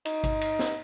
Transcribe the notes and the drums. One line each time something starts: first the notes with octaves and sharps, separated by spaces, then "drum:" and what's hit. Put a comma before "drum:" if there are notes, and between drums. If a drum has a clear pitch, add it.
D#4, drum: cymbal
drum: kick G#1, cymbal
drum: cymbal
drum: snare